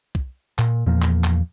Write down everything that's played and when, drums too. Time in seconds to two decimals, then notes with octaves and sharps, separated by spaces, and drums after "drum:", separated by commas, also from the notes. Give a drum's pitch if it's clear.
0.15 drum: kick
0.59 A#2, drum: clap
0.86 E2 A#2 F3 A#3
1.02 drum: clap
1.24 drum: clap